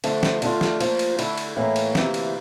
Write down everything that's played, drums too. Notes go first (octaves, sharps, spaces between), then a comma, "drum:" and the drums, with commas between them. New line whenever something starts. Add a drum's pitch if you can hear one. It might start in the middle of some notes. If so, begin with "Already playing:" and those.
D3 F3 A3, drum: cymbal
drum: snare
D3 A3 D4 F4, drum: cymbal
drum: snare
F3 A#3 F4, drum: cymbal
drum: cymbal
D3 A3 E4, drum: cymbal
drum: cymbal
A2 E3 A#3
drum: cymbal
D2 C3 E3 A#3, drum: snare
drum: cymbal